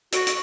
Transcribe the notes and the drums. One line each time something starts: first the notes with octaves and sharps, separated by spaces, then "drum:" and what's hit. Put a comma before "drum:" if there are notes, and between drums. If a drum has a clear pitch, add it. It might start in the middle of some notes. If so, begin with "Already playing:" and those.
F#4, drum: hi-hat
drum: hi-hat